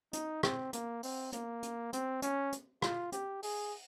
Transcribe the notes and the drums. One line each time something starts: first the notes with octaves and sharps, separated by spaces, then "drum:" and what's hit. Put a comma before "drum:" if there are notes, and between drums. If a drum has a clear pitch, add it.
D#4, drum: hi-hat
C4, drum: rim click
A#3, drum: hi-hat
C4, drum: open hi-hat
A#3, drum: hi-hat
drum: hi-hat
C4, drum: hi-hat
C#4, drum: hi-hat
drum: hi-hat
F4, drum: rim click
G4, drum: hi-hat
G#4, drum: open hi-hat